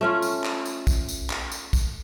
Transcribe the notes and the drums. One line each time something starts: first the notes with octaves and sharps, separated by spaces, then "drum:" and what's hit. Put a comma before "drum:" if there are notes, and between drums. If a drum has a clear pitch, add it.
A3 C#4 F4
drum: tambourine
drum: clap
drum: tambourine
drum: kick, tambourine
drum: tambourine
drum: clap
drum: tambourine
drum: kick, tambourine